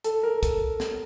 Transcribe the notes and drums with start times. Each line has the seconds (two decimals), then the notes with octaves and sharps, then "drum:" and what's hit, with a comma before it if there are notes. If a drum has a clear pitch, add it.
0.04 A4, drum: hi-hat
0.23 A#4
0.43 A4, drum: kick, hi-hat
0.80 drum: snare